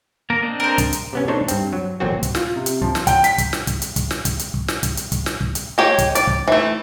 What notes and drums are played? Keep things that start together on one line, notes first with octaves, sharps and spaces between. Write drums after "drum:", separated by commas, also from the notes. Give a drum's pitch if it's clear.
A#3 A#4
C4 D4 D#5
A#4 C5
drum: kick, hi-hat
drum: hi-hat
C3 B3 C#4
B2 A3 D4 D#4 C5 C#5
G2 C4, drum: hi-hat
F#3
A1 A#2 F#3 C4 F#4
drum: kick, hi-hat
F4, drum: snare
C3
drum: hi-hat
F3, drum: kick
drum: snare
G5, drum: kick, hi-hat
B6, drum: hi-hat
drum: kick, hi-hat
drum: snare
drum: kick, hi-hat
drum: hi-hat
drum: kick, hi-hat
drum: snare
drum: kick, hi-hat
drum: hi-hat
drum: kick
drum: snare
drum: kick, hi-hat
drum: hi-hat
drum: kick, hi-hat
drum: snare
drum: kick
drum: hi-hat
G#3 G4 C#5
drum: kick, hi-hat
D5, drum: hi-hat
drum: kick
E3 A3